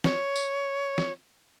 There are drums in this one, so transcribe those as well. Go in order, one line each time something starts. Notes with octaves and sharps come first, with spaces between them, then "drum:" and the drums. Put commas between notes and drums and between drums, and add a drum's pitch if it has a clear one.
C#5, drum: snare
drum: tambourine
drum: snare